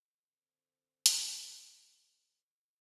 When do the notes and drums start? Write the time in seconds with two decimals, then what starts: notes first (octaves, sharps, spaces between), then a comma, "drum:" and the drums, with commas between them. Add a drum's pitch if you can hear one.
0.10 D3 C4
1.06 drum: hi-hat